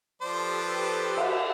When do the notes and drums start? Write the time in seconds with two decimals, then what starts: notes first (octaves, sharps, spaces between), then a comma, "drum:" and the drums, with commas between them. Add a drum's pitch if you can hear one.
0.22 F3 G4 A4 B4 C5 D5
1.17 drum: cymbal